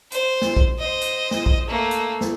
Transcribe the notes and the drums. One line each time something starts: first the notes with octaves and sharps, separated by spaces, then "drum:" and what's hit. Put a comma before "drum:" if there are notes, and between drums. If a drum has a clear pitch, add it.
C5, drum: hi-hat
drum: snare
drum: kick A#1
C5 D#5
drum: hi-hat
drum: snare
drum: kick A#1
A3 A#3
drum: hi-hat
drum: snare